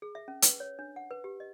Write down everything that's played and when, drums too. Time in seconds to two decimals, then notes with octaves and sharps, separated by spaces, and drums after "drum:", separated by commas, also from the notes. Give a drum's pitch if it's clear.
0.02 G#4
0.15 E5
0.28 C#4
0.42 B4, drum: hi-hat
0.60 C#5
0.79 D4
0.96 F#5
1.11 B4
1.24 G4
1.40 D#5